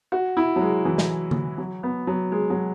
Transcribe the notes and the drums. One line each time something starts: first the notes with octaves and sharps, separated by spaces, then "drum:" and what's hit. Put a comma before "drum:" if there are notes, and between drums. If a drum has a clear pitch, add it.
F#4
E4
F#3
G#3
E3
drum: snare
drum: tom D3
F#3
B3
F#3
G#3
F#3